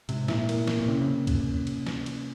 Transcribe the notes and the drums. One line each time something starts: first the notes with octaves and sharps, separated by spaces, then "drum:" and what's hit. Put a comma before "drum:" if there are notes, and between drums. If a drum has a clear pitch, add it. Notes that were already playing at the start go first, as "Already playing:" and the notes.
G#2 C3, drum: cymbal
A#2 E4, drum: snare
A#3, drum: cymbal
A#3, drum: snare
A#2
C3 C#4
C#3
C3
drum: kick, cymbal
drum: cymbal
drum: snare
drum: cymbal